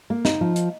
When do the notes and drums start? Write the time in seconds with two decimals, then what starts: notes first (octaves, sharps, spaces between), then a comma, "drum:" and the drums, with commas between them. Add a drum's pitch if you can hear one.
0.10 A#3
0.25 D#4, drum: snare
0.41 F3
0.56 drum: hi-hat